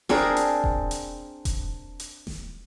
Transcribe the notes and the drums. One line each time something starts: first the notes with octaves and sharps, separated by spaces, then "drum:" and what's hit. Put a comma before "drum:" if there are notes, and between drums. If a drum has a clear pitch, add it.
C4 D4 G#4 A#4, drum: snare D#1
drum: hi-hat
drum: kick E1
drum: hi-hat
drum: kick E1, hi-hat
drum: hi-hat
drum: snare D#1